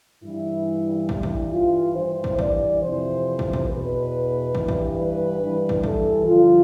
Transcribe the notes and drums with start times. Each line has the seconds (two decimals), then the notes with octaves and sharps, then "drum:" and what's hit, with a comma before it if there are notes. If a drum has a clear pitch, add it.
0.22 G2 E3 E4
1.09 G2 E3, drum: kick
1.23 drum: kick
1.52 F4
1.95 G2 E3 C5
2.24 drum: kick
2.39 D5, drum: kick
2.81 F2 C3 E3 C5
3.39 drum: kick
3.53 drum: kick
3.68 E2 B2 B4
4.55 G2 E3, drum: kick
4.68 drum: kick
4.97 B4
5.40 G2 E3
5.69 drum: kick
5.84 A4, drum: kick
6.26 G2 D3 F3 F4